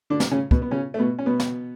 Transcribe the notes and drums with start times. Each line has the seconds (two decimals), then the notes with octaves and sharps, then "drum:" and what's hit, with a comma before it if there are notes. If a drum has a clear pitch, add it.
0.10 D3 D4
0.20 drum: snare
0.31 C#3 C#4
0.51 B2 B3, drum: kick
0.62 B3
0.71 C#3 C#4
0.94 A3
0.99 B2 B3
1.19 C#4
1.26 B2 B3
1.40 drum: snare